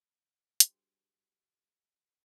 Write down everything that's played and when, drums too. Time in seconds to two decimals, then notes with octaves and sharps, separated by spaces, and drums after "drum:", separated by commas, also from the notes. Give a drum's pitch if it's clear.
0.60 G2 F#4 G#4 C5, drum: hi-hat